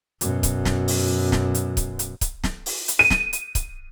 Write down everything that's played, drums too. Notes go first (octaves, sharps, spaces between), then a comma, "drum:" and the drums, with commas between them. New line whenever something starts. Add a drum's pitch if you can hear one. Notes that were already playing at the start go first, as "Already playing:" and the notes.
F#2 B2, drum: hi-hat
drum: kick C#1, hi-hat
drum: snare
drum: open hi-hat
drum: snare
drum: hi-hat
drum: kick C#1, hi-hat
drum: hi-hat
drum: kick C#1, hi-hat
drum: snare
drum: open hi-hat
drum: hi-hat
D#7
drum: snare
drum: hi-hat
drum: kick C#1, hi-hat